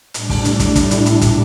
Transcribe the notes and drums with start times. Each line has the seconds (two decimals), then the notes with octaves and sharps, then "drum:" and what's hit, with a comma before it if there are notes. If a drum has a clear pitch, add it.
0.14 A2 G3 D4, drum: hi-hat
0.30 drum: kick, open hi-hat
0.45 drum: hi-hat
0.60 E4, drum: kick, hi-hat
0.76 drum: kick, hi-hat
0.91 drum: hi-hat
1.06 A#2 G3 D4, drum: hi-hat
1.21 drum: kick, hi-hat